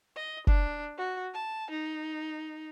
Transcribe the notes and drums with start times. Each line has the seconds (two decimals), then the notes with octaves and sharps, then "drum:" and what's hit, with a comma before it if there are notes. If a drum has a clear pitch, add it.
0.16 D#5
0.47 D4, drum: kick
0.98 F#4
1.34 A5
1.70 D#4